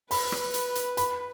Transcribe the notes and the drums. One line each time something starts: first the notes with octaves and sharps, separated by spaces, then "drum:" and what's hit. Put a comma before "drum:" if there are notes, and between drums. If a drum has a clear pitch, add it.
B4 B5, drum: open hi-hat
drum: rim click
drum: hi-hat
drum: hi-hat
B5, drum: hi-hat